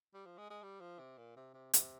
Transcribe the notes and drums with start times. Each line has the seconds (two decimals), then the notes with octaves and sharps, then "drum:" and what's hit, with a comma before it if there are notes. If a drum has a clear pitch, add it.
0.14 G3
0.26 F3
0.38 G#3
0.50 G#3
0.63 G3
0.81 F3
0.99 C3
1.18 A#2
1.37 C3
1.54 C3
1.73 C3, drum: hi-hat